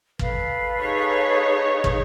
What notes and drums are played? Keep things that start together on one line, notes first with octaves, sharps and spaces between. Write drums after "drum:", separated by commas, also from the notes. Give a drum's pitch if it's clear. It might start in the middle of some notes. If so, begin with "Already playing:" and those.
A4 B4 F5, drum: kick
D#4 G#4 C#5
drum: kick